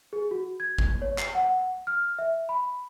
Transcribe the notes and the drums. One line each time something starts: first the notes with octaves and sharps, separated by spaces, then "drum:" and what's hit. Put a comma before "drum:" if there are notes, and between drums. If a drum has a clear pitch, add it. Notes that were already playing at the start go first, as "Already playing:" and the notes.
G#4
F#4
G#6
drum: kick G#1
C#5
C7, drum: clap
F#5
F6
E5
B5